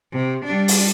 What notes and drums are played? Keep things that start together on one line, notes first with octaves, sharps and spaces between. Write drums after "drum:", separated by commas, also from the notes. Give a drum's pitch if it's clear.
C3
G3 D4
drum: open hi-hat